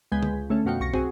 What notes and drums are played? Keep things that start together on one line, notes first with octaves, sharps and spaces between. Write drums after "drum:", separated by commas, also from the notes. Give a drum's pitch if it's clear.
C#2 G#3 B3 G#5 G6 B6
drum: tom D3
C#2
D3 A3 C#4 A4
F2 B2 F#4 F5 G5 C#7
C2 C#6 A#6
C4 F#4 G#4, drum: kick